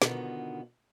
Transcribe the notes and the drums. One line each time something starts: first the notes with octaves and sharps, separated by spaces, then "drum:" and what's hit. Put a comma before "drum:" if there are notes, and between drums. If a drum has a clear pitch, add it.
G#2 B2 D3 D#3 B3 F4, drum: snare